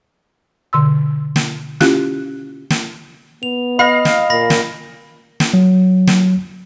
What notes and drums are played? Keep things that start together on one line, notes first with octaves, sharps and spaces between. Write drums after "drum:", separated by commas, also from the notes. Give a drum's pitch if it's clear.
B2 D3 C6 E6
drum: snare
C#4 E4 F4 G4 F5 F#6, drum: snare
drum: snare
B3 F7
D#5 F5 B5 A#6
drum: snare
A#2 B5 A#6
drum: snare
drum: snare
F#3
drum: snare